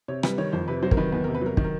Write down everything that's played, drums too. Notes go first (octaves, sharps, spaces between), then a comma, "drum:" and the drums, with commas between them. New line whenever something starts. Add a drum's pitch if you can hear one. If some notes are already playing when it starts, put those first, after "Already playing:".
C3 C#5
G3 B4, drum: rim click
D#3 C#5
F2 C5
C3 B4
F#3 C5
A#4, drum: kick
D#3 B4
E2 B4
A#4
C3
B4
F#3 A#4
D#3, drum: kick
A#4